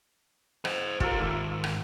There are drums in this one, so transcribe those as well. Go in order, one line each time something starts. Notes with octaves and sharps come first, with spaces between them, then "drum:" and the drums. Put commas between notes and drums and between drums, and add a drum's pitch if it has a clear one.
C5 D#5, drum: rim click
F4 G4 A4 A#4 E6, drum: kick
G#2 D#3 A#3 E5
drum: rim click